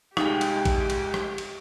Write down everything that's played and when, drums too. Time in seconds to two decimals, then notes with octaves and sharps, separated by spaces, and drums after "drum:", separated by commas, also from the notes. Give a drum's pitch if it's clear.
0.17 C2 G#3 D#4 F4 G4 G5, drum: rim click
0.41 drum: cymbal
0.65 drum: kick A1, cymbal
0.90 drum: cymbal
1.14 drum: rim click
1.38 drum: cymbal